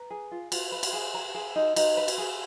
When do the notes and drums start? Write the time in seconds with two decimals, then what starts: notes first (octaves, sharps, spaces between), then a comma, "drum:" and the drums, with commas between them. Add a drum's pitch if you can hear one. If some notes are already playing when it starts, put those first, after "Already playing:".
Already playing: B4 A#5
0.11 G#4
0.31 F4
0.52 F4, drum: cymbal
0.72 B4
0.83 drum: cymbal
0.93 G#4
1.14 B4 A#5
1.35 G#4
1.56 D#4
1.76 D#4, drum: cymbal
1.97 B4
2.08 drum: cymbal
2.18 G#4